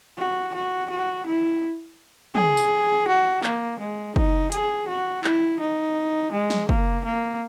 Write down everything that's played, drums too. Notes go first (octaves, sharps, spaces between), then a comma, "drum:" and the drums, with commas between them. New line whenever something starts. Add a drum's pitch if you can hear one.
F#4
F#4
F#4
E4
G#4, drum: tom
drum: tambourine
F#4
A#3, drum: clap
G#3
D#4, drum: kick
G#4, drum: hi-hat
F#4
E4, drum: clap
D#4
G#3
drum: snare
A#3, drum: kick
A#3